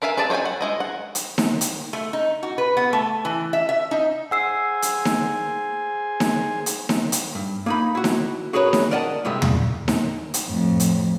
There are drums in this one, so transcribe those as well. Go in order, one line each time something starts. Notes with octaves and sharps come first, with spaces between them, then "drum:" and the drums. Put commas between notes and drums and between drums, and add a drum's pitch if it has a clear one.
A#4 B4 E5 F5 G#5
G#4 B4 D5 A5
C5 C#5 D#5 G5 G#5
F#5
G#3 E4 D#5
F#5
drum: hi-hat
drum: snare D#4
drum: hi-hat
A3
D#4
F#4
B4
B3
A3
E3
E5
E5
D#4
G#4 C5 F#5 G#5 E6 C7
drum: hi-hat
drum: snare D#4
drum: snare D#4
drum: hi-hat
drum: snare D#4
drum: hi-hat
G2
A#3 D#4 B5
E4 F#4
drum: snare D#4
F#4 G#4 A#4 B4 C#5
drum: snare D#4
A#4 D5 D#5 F#5 A5
G2 C3 G3 G#3
drum: tom
drum: snare D#4
drum: hi-hat
F2 A2
drum: hi-hat